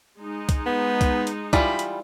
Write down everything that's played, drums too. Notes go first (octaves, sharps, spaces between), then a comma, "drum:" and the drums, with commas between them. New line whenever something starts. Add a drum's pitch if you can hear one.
G#3 D#4
drum: kick C2, hi-hat
B3
drum: kick C2, hi-hat
drum: hi-hat
E3 G3 F4 B5, drum: kick C2, hi-hat
drum: hi-hat